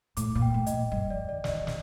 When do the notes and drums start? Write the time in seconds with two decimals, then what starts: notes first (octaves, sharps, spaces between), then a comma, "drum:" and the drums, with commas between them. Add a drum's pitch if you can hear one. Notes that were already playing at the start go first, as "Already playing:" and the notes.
0.17 A2 D6, drum: hi-hat
0.35 A#2
0.42 G5
0.54 A2
0.66 D#5, drum: hi-hat
0.73 A#2
0.92 G2 D#5, drum: kick
1.10 F2 D5
1.29 D#3 D5
1.44 D5, drum: snare
1.48 D#3 D#5
1.67 D3, drum: snare